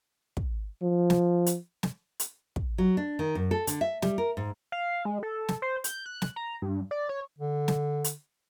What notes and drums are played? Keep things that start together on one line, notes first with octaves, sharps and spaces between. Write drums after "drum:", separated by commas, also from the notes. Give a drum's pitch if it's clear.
drum: kick
F3
drum: snare
drum: hi-hat
drum: snare
drum: hi-hat
drum: kick
F#3
D4
D#3
F#2
A4
D3, drum: hi-hat
E5
G3, drum: snare
A#4
G#2
F5
G#3
A4
drum: snare
C5
G6, drum: hi-hat
F#6
drum: snare
A#5
G2
D5
C#5
D3
drum: snare
drum: hi-hat